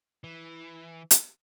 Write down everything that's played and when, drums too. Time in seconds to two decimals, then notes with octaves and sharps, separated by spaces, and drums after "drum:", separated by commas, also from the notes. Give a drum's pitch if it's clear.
0.24 E3
1.11 drum: hi-hat